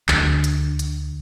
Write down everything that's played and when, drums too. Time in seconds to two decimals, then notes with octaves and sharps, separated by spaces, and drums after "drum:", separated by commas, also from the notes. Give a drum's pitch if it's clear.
0.08 D2, drum: clap
0.44 drum: hi-hat
0.79 drum: hi-hat